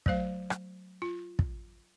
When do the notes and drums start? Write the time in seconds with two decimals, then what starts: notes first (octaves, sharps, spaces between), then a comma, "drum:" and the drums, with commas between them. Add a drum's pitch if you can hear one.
0.06 F#3 A3 C5 F5, drum: kick
0.50 drum: rim click
1.02 F4
1.39 drum: kick